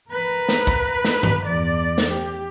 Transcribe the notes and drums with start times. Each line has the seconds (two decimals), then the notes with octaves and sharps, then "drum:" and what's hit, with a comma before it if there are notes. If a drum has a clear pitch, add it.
0.11 A#4 B4
0.49 drum: snare
0.67 drum: kick
1.05 drum: snare
1.23 drum: tom G2
1.46 E2 D5
1.98 drum: snare
2.10 G4